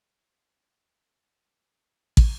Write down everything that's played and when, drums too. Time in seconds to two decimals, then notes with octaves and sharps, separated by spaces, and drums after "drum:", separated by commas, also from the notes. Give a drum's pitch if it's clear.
0.13 F2
0.59 G3
1.15 F#2
2.17 drum: kick